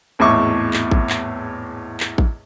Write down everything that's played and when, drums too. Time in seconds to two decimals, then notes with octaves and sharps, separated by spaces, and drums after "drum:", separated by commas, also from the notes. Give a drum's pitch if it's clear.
0.19 G#1 E2 A2 E5 C#6 D6
0.73 drum: clap
0.91 drum: kick A1
1.10 drum: clap
2.00 drum: clap
2.18 drum: kick A1